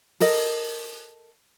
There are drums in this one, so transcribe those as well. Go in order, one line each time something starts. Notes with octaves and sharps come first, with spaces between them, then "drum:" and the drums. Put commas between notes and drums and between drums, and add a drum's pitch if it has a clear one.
A4 A#4 D#5, drum: open hi-hat